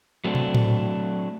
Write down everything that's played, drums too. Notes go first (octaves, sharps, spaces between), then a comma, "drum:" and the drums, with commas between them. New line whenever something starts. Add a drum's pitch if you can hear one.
F#3 A3 C4 D4
drum: tom
drum: tom A2